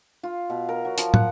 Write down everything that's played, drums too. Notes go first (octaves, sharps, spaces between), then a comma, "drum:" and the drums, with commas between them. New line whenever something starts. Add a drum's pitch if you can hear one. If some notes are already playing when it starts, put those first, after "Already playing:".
F4
B2
A#4
F#3
F3, drum: hi-hat
F#5, drum: tom